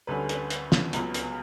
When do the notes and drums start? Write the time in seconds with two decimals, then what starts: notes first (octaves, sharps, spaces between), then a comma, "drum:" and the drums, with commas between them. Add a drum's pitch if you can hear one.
0.07 D2 D3 G3 C#4 B4
0.29 B4, drum: hi-hat
0.50 drum: hi-hat
0.72 drum: snare
0.93 C#2 C#3 F#3 B3, drum: hi-hat
1.14 drum: hi-hat